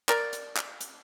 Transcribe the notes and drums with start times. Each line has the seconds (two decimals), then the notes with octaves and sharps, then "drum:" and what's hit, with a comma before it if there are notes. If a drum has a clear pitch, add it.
0.09 A#4 D5, drum: clap
0.33 drum: hi-hat
0.57 drum: clap
0.81 drum: hi-hat